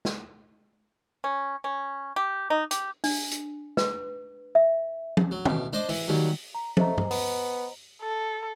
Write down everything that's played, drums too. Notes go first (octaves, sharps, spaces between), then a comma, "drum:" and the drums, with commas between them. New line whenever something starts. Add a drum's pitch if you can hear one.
drum: snare
C#4
C#4
G4
D#4
G4, drum: hi-hat
D4, drum: open hi-hat
drum: hi-hat
B4, drum: snare
E5
drum: tom
F#3
A1 B2, drum: tom
D4 C5 D#5 D6
E3, drum: open hi-hat
D#2 F#3 G3
A#5
A3 C5 D#5 A#5, drum: tom
drum: tom G2
B3, drum: open hi-hat
A4